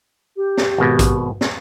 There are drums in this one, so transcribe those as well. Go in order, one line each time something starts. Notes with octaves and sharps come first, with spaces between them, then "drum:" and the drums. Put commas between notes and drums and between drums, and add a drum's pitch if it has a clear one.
G4
drum: snare
G#1 B2
drum: kick, hi-hat
drum: snare